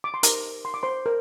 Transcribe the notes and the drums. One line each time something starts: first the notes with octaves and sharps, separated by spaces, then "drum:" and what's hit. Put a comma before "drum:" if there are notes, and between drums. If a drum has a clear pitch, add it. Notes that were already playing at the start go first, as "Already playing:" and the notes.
D6
C6
D#4 G4 A#4 C5 A#5, drum: hi-hat
C6
D6
C5 C6
A#4